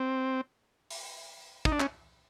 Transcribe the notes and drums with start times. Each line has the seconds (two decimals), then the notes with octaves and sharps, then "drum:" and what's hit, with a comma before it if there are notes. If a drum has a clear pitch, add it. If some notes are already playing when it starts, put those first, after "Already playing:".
Already playing: C4
0.90 drum: open hi-hat
1.65 D#4, drum: kick
1.72 D4
1.80 C#4, drum: clap